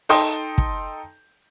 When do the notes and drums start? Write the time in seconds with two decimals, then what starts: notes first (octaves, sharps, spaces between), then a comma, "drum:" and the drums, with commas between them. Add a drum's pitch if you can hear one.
0.09 D#4 A4 G5 C6 D#6, drum: open hi-hat
0.58 drum: kick